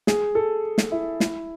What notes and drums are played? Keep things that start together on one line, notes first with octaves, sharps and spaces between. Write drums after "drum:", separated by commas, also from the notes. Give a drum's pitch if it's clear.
G#4, drum: snare
A4
drum: snare
E4
E4, drum: snare